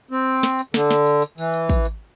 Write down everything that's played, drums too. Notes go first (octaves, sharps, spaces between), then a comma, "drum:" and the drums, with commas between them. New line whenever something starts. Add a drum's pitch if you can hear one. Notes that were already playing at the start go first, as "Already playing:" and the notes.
C4
drum: snare
drum: tambourine
D3, drum: snare
drum: snare
drum: tambourine
drum: tambourine
E3, drum: tambourine
drum: tambourine
drum: kick, tambourine
drum: tambourine